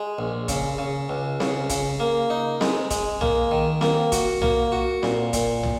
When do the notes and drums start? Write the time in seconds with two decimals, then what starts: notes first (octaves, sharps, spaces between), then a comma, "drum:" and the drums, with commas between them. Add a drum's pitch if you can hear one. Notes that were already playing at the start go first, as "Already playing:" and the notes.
Already playing: G#3
0.19 A#1
0.48 C#3, drum: kick, hi-hat
0.78 C#3
1.09 C#2
1.40 C#3, drum: snare C4
1.70 C#3, drum: kick, hi-hat
2.00 A#3
2.30 D#4
2.61 G#3, drum: snare C4
2.91 G#3, drum: kick, hi-hat
3.21 A#3, drum: tom
3.51 D#3
3.81 A#3, drum: snare C4
4.12 F#4, drum: kick, hi-hat
4.42 A#3, drum: tom
4.72 F#4
5.03 A#2, drum: snare C4
5.33 A#2, drum: kick, hi-hat
5.63 drum: tom